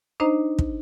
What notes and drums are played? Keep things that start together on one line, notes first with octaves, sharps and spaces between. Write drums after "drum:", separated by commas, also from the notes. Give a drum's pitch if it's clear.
D4 D#4 C5 D#5 A#5
drum: kick